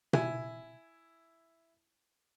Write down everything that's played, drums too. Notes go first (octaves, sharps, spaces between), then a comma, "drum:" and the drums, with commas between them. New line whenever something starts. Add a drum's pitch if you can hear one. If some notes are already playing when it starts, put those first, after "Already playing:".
E4 G#5, drum: tom B2